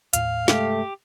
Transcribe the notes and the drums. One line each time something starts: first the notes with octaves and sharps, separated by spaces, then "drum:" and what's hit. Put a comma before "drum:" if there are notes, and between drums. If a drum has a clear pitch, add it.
D#2 A2 F5, drum: hi-hat
G2 C3 G#3 A3 G4, drum: snare